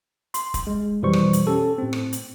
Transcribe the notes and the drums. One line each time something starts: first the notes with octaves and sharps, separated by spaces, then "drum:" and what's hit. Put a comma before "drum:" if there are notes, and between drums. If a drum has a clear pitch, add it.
C6, drum: hi-hat
drum: kick, hi-hat
G#3
F2 B2 E3 G3 C5 C#6
drum: rim click
drum: hi-hat
C#4 G4 A4
A2 C4
drum: rim click
drum: hi-hat